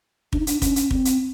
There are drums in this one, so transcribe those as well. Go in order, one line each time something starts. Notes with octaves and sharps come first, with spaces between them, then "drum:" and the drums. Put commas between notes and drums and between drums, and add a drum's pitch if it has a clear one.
D4, drum: kick
D#4
D4, drum: hi-hat
C#4, drum: kick, hi-hat
drum: hi-hat
C4, drum: kick
drum: hi-hat